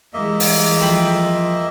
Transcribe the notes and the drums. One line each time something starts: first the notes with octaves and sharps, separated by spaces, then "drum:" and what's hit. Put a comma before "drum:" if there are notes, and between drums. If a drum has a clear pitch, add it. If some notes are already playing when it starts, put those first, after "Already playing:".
E3 G3 G#3 A#3 D#5 E5
drum: open hi-hat
F2 C4 B5